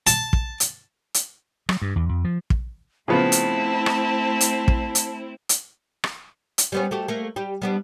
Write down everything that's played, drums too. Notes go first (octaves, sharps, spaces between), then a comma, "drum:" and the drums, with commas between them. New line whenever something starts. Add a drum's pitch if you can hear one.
A5, drum: hi-hat
drum: kick
drum: hi-hat
drum: hi-hat
F#3, drum: rim click
G2
E2
F2
F3
drum: kick
C#3 F3 A3 B3 C4 E4 A5
drum: hi-hat
drum: rim click
drum: hi-hat
drum: kick
drum: hi-hat
drum: hi-hat
drum: rim click
drum: hi-hat
G3 B3 C#4
A3 F#4 G4
A3 A#3
G3 G4
G3 B3 D4